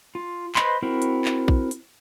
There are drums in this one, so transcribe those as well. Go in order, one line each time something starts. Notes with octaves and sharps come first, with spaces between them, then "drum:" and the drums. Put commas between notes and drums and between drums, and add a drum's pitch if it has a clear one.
F4
B4 C5 D#5 B5 C6, drum: clap
C4 E4 F#4 A#4
drum: hi-hat
drum: clap
drum: kick A#1
drum: hi-hat